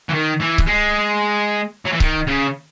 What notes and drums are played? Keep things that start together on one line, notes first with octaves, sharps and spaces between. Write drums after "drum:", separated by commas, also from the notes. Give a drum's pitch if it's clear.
E3
D#3
E3
drum: kick C#1
G#3
F#3
E3
D#3, drum: kick C#1
C#3